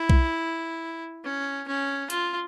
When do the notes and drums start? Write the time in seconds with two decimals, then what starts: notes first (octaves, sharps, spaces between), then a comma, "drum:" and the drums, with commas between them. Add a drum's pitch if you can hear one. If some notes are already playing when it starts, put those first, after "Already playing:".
Already playing: E4
0.10 drum: kick B1
1.24 C#4
1.68 C#4
2.10 F4, drum: hi-hat